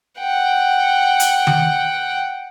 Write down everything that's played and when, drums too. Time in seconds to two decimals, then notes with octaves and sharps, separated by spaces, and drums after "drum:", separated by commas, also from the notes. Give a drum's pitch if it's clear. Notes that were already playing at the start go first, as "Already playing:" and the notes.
0.20 F#5 G5
1.20 drum: hi-hat
1.47 drum: tom D#3